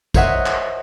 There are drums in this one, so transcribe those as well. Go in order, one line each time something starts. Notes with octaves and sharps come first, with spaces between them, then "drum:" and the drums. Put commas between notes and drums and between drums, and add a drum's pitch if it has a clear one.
A#4 C5 C#5 D#5 E5 F#5, drum: kick, tambourine
drum: clap